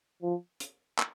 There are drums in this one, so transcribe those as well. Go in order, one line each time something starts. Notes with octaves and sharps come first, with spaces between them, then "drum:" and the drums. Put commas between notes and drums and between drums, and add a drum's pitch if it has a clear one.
F3
drum: hi-hat
drum: clap